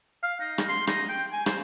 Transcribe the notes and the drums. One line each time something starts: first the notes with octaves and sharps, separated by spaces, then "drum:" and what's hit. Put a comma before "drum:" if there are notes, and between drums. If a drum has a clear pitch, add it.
F5
D#4
drum: rim click
C6
D#4, drum: rim click
G5
G#5
C5, drum: rim click